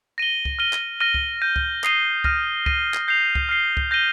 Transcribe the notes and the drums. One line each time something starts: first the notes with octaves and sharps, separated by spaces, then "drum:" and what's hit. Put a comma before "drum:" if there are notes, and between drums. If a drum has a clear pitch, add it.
A#6 D#7 G7
drum: kick C#2
F6 D#7 G7
drum: clap
F6 A#6 D#7 G7
drum: kick C#2
G6 A#6 D#7
drum: kick C#2
D#6 C7 D#7 G7, drum: clap
F6 A#6 D#7, drum: kick C#2
A#6 D#7 G7, drum: kick C#2
drum: clap
G6 C7 F7
drum: kick C#2
F6 C7 G7
drum: kick C#2
G6 A#6 D#7 G7